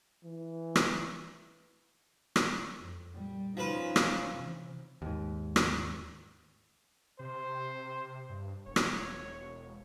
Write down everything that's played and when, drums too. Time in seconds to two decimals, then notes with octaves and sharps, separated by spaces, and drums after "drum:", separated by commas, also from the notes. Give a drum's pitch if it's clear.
0.24 E3
0.76 drum: rim click
2.36 drum: rim click
2.80 F2
3.13 A#2 G3
3.57 F3 C#4 D#4 B4
3.96 drum: rim click
4.36 C3 E3
5.02 D#2 G#2
5.56 drum: rim click
7.19 C3 C5
8.29 G2
8.66 E1 C#5
8.76 drum: rim click